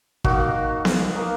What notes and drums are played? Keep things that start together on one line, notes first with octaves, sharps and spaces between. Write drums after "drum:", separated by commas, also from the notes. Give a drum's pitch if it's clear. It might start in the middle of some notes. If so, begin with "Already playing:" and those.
A#3 D#4 F#4, drum: kick
drum: snare B3
A#3 D#4